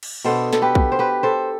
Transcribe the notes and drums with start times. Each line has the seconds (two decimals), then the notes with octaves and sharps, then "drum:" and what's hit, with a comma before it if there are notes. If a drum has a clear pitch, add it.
0.03 drum: cymbal
0.24 B2 B3 D4 A4 C5
0.53 A4, drum: snare
0.62 G4 B4
0.75 drum: kick B1
0.92 C5
0.99 G4 B4
1.23 A4 C5